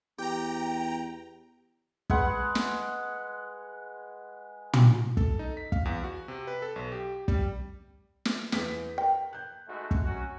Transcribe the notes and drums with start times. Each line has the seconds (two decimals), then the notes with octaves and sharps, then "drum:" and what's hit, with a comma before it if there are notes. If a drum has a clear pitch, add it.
0.18 E2 G4 G5 A#5
2.10 G#3 B4 F#5, drum: kick
2.55 drum: snare
4.73 drum: tom
5.17 A4, drum: kick
5.39 D#4
5.57 B6
5.72 F5, drum: kick
5.85 E2
6.04 F#4
6.28 C3
6.47 B4
6.62 A4
6.76 B1
6.92 G4
7.28 G3, drum: kick
8.25 drum: snare
8.52 E2 G#4 B6, drum: snare
8.98 A#4 G5
9.33 F#6 G6
9.68 G#2 A3 F#4
9.91 drum: kick
10.06 F#3 C#4 F#4